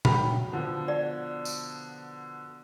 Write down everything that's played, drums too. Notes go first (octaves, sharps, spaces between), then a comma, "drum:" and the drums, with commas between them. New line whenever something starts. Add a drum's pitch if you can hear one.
F#3 G5 B5, drum: tom A#2
B2 D3 F3
D5
drum: tambourine